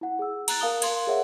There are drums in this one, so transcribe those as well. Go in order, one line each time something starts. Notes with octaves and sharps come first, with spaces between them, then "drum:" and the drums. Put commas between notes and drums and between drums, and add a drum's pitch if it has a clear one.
E4 F#5
G#4 E6
A#5 F#6 A6, drum: cymbal
A#4 F5 A5 D#6 G7
A#4 F5 C6 G#6, drum: cymbal
G#4 A#4 C#5 E5 F#5